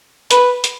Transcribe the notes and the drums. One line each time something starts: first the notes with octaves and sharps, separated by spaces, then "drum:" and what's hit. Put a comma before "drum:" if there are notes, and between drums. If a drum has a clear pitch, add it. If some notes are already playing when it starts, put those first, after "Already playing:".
B4, drum: hi-hat
drum: hi-hat